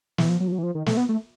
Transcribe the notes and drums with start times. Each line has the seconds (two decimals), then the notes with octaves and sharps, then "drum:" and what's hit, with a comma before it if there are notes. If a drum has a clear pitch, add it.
0.18 E3, drum: snare
0.29 F3
0.40 F#3
0.48 F3
0.52 F#3
0.58 E3
0.63 F3
0.75 D#3
0.86 A3, drum: snare
0.97 B3
1.09 A3